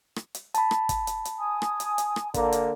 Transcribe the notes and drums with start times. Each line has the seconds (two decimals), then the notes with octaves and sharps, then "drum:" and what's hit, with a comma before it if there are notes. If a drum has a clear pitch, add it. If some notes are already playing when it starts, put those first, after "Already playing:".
0.16 drum: rim click
0.35 drum: hi-hat
0.54 A5 B5, drum: hi-hat
0.71 drum: rim click
0.89 drum: kick, hi-hat
1.07 drum: hi-hat
1.25 drum: hi-hat
1.38 G#5 D#6
1.62 drum: rim click
1.80 drum: hi-hat
1.98 drum: hi-hat
2.16 drum: rim click
2.34 D3 A#3, drum: kick, hi-hat
2.52 drum: hi-hat